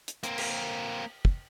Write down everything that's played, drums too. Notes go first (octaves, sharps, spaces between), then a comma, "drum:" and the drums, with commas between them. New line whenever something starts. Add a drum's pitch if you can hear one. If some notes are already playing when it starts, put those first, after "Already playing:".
drum: hi-hat
A#3 C4, drum: hi-hat
drum: cymbal
drum: kick